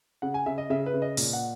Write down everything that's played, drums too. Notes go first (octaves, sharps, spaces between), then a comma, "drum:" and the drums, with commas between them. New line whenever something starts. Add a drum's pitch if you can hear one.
C#3 F#5
G#5
C#3 E5
D#5
C#3 E5
B4
C#3
D#5
A#2, drum: open hi-hat
F#5